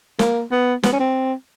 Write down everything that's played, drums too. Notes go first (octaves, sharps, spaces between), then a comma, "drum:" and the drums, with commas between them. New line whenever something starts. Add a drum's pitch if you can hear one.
A#3, drum: snare
B3
B3, drum: snare
C#4
C4